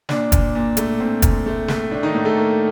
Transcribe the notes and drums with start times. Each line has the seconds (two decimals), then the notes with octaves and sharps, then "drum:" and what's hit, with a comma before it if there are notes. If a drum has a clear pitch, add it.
0.09 A#2 D4, drum: snare
0.32 A#2, drum: kick, hi-hat
0.55 A#2
0.77 A3, drum: hi-hat
1.00 A#2 C4
1.22 A#2, drum: kick, hi-hat
1.46 A3
1.68 A3, drum: snare
1.91 A2 D4
2.03 D#3 D#4
2.14 A2
2.25 A3 A4
2.37 A#3